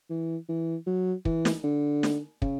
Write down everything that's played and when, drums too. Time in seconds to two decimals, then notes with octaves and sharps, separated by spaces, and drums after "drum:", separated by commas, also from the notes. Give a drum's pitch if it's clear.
0.10 E3
0.49 E3
0.86 F#3
1.25 E3, drum: kick
1.45 drum: snare
1.64 D3
2.03 drum: snare
2.42 C#3, drum: kick